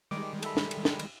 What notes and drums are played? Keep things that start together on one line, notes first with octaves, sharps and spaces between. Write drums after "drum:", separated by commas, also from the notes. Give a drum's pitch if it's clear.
D#3 G3 G#3 D6
A4 E5 B5, drum: cymbal
drum: snare
drum: cymbal
drum: snare
drum: cymbal